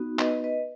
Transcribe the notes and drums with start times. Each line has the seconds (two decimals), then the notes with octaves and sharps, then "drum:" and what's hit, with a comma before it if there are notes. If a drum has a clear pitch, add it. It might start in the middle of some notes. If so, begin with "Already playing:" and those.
Already playing: B3 D#4 F#4
0.19 B4 D#5, drum: clap
0.44 B4 D#5